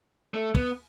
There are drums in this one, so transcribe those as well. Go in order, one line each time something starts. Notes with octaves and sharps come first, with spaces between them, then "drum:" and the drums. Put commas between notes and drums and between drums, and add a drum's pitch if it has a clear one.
A3
B3, drum: kick